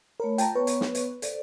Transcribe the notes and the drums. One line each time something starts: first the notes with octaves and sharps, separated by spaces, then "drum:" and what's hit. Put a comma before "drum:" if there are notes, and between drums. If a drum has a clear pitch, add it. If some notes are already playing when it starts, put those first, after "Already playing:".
A3 A#4 C#5 B5
F4 G5 A5 A#5, drum: hi-hat
B3 B4 C#5 C#6
drum: hi-hat
drum: snare
drum: hi-hat
A4 C5 D5, drum: hi-hat